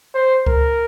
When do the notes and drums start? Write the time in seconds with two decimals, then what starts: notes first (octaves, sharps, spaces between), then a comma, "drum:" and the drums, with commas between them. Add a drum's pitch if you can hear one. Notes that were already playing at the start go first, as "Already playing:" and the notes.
0.14 C5
0.46 A#4, drum: kick C#2